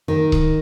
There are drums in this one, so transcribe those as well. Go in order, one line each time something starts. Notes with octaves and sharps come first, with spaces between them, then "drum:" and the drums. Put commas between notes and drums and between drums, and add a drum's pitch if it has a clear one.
D#3
drum: kick C#1